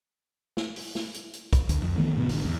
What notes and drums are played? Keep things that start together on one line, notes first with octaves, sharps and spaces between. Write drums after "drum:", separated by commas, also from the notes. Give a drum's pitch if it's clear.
drum: snare
drum: open hi-hat
drum: snare
drum: hi-hat
drum: hi-hat
drum: kick, hi-hat
D2, drum: hi-hat
F2
D#3 E3 A3 B3
D2 G#2 C3 B3
G#1 D3, drum: open hi-hat
E2